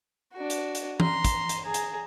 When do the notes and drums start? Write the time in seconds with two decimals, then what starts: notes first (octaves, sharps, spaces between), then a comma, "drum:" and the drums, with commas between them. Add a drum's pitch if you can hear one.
0.33 D4 F#4
0.50 drum: hi-hat
0.75 drum: hi-hat
1.00 A#5 C6, drum: tom E3
1.24 drum: kick, hi-hat
1.49 drum: hi-hat
1.64 G#4 A#5
1.74 drum: hi-hat